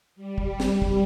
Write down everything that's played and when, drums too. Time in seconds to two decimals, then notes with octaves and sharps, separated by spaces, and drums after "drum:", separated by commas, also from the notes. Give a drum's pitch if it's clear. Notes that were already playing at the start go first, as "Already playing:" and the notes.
0.16 G3
0.38 drum: kick
0.60 drum: snare
0.82 drum: kick